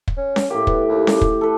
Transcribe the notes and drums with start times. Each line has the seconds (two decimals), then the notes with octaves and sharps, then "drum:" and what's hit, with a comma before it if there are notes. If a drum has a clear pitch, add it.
0.08 drum: kick
0.17 C#4
0.36 drum: snare C#4
0.50 A2 A#3 G4
0.67 B3, drum: kick
0.88 D#2
1.07 drum: snare C#4
1.21 drum: kick
1.41 A4 B4